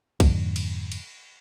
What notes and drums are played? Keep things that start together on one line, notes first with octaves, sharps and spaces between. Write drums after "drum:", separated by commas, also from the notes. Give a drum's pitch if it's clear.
F2 G#2 D3, drum: kick B1, cymbal
drum: cymbal
drum: cymbal